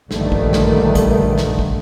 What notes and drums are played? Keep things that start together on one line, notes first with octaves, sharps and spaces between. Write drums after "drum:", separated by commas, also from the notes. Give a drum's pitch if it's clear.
A#1 G2 D3 D#3 A3, drum: snare
drum: kick
drum: snare
drum: kick, hi-hat
drum: snare
drum: kick